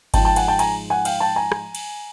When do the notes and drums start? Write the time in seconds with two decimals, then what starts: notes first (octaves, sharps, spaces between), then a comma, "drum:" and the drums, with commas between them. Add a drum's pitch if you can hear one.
0.14 G#2 F3 G#3 G5 A5, drum: kick G1, cymbal
0.25 G5 A5
0.36 F#5 G#5, drum: cymbal
0.48 G5 A5
0.59 G#5 A#5, drum: cymbal
0.90 F#5 G#5
1.05 F5 G5, drum: cymbal
1.20 G5 A5
1.36 G#5 A#5
1.52 drum: rim click
1.75 drum: cymbal